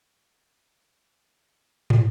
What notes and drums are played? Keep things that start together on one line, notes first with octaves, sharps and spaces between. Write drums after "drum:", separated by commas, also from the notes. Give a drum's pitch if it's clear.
F#5
G3
A#3
drum: tom